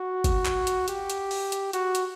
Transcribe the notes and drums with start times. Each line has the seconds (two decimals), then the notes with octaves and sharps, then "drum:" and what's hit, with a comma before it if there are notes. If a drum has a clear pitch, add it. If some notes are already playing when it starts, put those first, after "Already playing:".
Already playing: F#4
0.24 drum: kick G1, hi-hat
0.46 drum: clap
0.67 drum: hi-hat
0.88 G4, drum: hi-hat
1.10 drum: hi-hat
1.31 drum: open hi-hat
1.52 drum: hi-hat
1.73 F#4, drum: hi-hat
1.95 drum: hi-hat